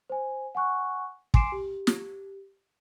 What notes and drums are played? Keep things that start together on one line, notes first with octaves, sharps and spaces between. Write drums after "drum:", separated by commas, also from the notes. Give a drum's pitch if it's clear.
C5 G#5
F#5 G#5 C#6 F#6
G#5 C6 D6 C7 D7 E7, drum: kick
G4
drum: snare